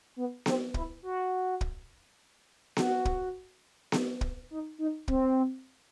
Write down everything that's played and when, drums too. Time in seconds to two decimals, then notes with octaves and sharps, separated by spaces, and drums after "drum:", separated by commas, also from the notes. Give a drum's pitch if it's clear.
0.16 B3
0.46 C4, drum: snare B3
0.74 E4, drum: kick
1.03 F#4
1.61 drum: kick
2.77 F#4, drum: snare B3
3.05 drum: kick
3.92 drum: snare B3
4.21 drum: kick
4.51 D#4
4.79 D#4
5.08 C4, drum: kick